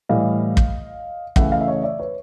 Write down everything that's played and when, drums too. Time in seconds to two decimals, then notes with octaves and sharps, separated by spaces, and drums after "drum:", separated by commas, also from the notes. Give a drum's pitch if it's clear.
0.09 A2 E3 G3 D#5 F5
0.57 drum: kick
1.36 C#3 E3 A3 E5 F#5, drum: kick
1.52 D#5 F5
1.61 E5
1.68 C#5 D#5
1.83 D5 E5
1.99 B4 C#5